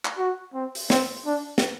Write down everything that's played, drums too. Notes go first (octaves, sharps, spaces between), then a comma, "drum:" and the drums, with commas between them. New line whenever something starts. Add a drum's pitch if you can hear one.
drum: clap
F#4
C4
drum: open hi-hat
C4, drum: snare
D4
drum: snare